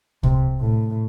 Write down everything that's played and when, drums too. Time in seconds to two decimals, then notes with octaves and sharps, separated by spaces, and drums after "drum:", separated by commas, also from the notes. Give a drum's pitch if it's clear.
0.23 C3, drum: kick C2
0.60 A2